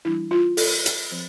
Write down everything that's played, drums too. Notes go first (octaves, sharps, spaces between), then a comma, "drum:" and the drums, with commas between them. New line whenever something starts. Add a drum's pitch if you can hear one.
E3 G3 D4 E4
F4
A4, drum: open hi-hat
drum: hi-hat
F3 C4